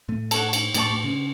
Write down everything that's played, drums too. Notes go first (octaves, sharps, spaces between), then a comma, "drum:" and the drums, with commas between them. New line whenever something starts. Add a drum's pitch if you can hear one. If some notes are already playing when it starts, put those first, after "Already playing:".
A2 A3
A4 C#5 F#5, drum: cymbal
drum: cymbal
A2 A3 G4 D5 A5 C#6, drum: cymbal
A2 A3
C#3 C#4